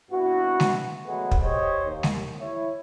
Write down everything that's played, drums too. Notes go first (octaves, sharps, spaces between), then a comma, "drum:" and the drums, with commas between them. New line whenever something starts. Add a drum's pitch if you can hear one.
C2 G2 B3 E4 F#4
drum: snare G#3
F#3 G#3 A3 B3 B4 F#5
drum: kick
G4 C5 C#5 D#5
D#2
drum: snare G#3
E4 C#5